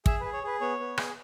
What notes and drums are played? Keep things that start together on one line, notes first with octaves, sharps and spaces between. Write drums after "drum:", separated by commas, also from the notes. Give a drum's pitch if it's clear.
G#4 E5, drum: kick
G#4 B4
C#5
G#4 B4
B3 C#5
B3
G#4, drum: rim click